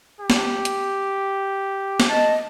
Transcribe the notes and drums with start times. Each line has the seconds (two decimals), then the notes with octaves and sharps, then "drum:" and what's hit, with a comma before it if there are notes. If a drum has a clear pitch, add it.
0.21 G4
0.30 drum: snare
0.65 drum: hi-hat
2.00 drum: snare
2.09 D#5 A5